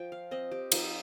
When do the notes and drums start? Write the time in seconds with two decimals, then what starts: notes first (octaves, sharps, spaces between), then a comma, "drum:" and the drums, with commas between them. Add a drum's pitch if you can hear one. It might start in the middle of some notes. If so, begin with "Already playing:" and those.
Already playing: F3 G5
0.12 F5
0.31 C4 D#5
0.52 G4
0.72 F3 D#4, drum: cymbal